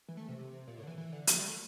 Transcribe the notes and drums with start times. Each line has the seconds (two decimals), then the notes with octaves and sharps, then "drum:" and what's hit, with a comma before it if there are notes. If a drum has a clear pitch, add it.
0.09 E3
0.17 A3
0.28 C3
0.68 A#2
0.78 A2
0.83 D3
0.87 E3
0.98 E3
1.12 D3
1.27 F3, drum: hi-hat
1.37 G3
1.46 A3